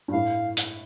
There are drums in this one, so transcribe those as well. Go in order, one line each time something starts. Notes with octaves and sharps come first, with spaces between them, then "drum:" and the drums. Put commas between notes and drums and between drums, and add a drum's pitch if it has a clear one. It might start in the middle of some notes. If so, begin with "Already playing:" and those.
G2
A2 F5
drum: hi-hat